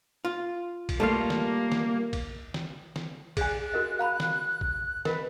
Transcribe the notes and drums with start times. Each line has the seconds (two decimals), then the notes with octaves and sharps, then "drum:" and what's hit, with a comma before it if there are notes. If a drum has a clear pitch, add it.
0.25 F4
0.89 drum: kick, cymbal
1.00 G3 A3 A#3 F4 F5
1.30 drum: snare
1.72 drum: snare
2.13 drum: kick, cymbal
2.54 drum: snare
2.96 drum: snare
3.37 G#4 D5 G#5 F#6, drum: kick, cymbal
3.74 F#4 A#4 D#5
3.99 F5 A#5 B5
4.20 drum: snare
4.61 drum: kick
5.05 A#4 B4 D#5, drum: snare